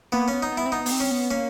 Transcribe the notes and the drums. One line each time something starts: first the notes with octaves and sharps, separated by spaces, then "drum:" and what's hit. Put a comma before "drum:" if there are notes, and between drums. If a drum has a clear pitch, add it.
A#3 B3
B3 C#4
D#4
B3
E4
C4
B3 D#4
B3, drum: open hi-hat
C4
C#4
B3
A#3 C#4